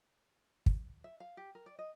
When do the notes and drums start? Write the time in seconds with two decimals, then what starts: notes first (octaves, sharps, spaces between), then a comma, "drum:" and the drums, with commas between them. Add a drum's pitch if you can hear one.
0.66 drum: kick
1.04 E5
1.20 F5
1.37 G4
1.55 A#4
1.66 D5
1.79 D#5